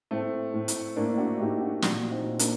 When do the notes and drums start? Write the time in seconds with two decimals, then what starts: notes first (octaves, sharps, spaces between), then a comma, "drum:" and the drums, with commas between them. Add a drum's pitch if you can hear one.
0.11 A2 A3 C4
0.54 A2
0.68 drum: hi-hat
0.96 A2 A#3 D4
1.18 D4 F#4
1.39 A2 D#4 G4
1.61 D4 F#4
1.82 A#2 D4 F#4, drum: snare
2.11 C4 D#4
2.25 A#2
2.39 A#3 D4, drum: hi-hat